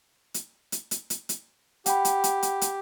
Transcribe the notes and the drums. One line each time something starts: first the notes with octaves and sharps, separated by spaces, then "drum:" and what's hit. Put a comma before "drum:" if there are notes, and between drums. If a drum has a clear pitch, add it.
drum: hi-hat
drum: hi-hat
drum: hi-hat
drum: hi-hat
drum: hi-hat
G4 F#5 G5 B5, drum: hi-hat
drum: hi-hat
drum: hi-hat
drum: hi-hat
drum: hi-hat